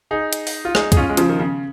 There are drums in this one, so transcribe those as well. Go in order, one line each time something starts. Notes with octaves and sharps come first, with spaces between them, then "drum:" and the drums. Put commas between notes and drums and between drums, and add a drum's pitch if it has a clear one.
D#4 G#4
drum: hi-hat
drum: open hi-hat
F4
D#4 G#4, drum: rim click
G#4, drum: kick C#2, hi-hat
C#4 F4
G#3
C#3 F3, drum: hi-hat
D#3
C#3